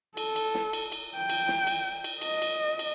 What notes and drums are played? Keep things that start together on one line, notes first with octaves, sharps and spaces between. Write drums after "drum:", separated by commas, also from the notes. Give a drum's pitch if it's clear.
A4, drum: cymbal
drum: cymbal
drum: snare
drum: cymbal
drum: cymbal
G5
drum: cymbal
drum: snare
drum: cymbal
drum: cymbal
D#5, drum: cymbal
drum: cymbal
drum: cymbal